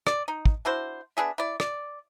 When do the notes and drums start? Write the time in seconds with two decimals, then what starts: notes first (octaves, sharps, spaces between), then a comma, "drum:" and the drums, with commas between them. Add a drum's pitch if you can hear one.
0.07 D5, drum: rim click
0.28 D#4
0.46 drum: kick
0.65 D4 E4 F#4 C5
1.17 B3 D4 G#4 E5
1.38 E4 D5
1.60 D5, drum: rim click